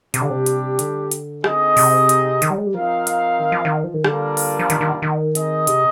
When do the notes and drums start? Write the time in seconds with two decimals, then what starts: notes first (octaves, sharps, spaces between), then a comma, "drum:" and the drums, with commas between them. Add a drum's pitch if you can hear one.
0.14 C3 G3 D4 G4, drum: hi-hat
0.21 D3
0.30 C3
0.46 drum: hi-hat
0.79 D3, drum: hi-hat
1.12 drum: hi-hat
1.44 C4 D#4 G#4 D#5, drum: rim click
1.77 C3, drum: open hi-hat
2.09 drum: hi-hat
2.42 D#3, drum: hi-hat
2.50 G3
2.58 G#3
2.66 G3
2.74 F3 C4 D#4 A#4 F5
3.07 drum: hi-hat
3.39 D#3
3.52 F3
3.65 D#3
3.84 F3
3.94 D#3
4.04 D3 G3 A#3 D4 F4 A#4, drum: rim click
4.37 drum: open hi-hat
4.59 F3
4.70 D#3, drum: hi-hat
4.81 D#3
5.02 D#3
5.35 C4 D#4 G#4 D#5, drum: hi-hat
5.67 C3, drum: hi-hat